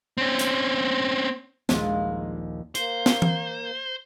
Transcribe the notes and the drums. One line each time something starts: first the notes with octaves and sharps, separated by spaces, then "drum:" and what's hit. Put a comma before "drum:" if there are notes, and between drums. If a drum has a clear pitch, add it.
C4 C#4
drum: hi-hat
D#1 A#1 D#2 G#3 F4, drum: snare
A#3 C5, drum: hi-hat
drum: snare
drum: tom E3